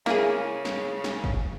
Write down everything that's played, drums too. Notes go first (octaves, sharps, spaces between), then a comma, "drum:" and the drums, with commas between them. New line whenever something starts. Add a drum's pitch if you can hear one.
C#3 A#3 E4 G#4, drum: snare
drum: snare
drum: snare
drum: kick